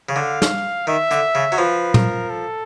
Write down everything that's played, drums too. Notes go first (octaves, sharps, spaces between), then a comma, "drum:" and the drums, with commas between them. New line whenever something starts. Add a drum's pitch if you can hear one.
C#3
D3 F5
drum: snare
D#3 E5
D3, drum: hi-hat
C#3
F#3
F3 B4
A#4, drum: tom A#2
A4